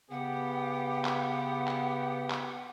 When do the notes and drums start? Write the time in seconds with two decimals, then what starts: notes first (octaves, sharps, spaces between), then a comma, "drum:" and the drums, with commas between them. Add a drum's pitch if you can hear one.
0.11 C#3 B3 G4 F#5
1.05 drum: clap
1.68 drum: clap
2.30 drum: clap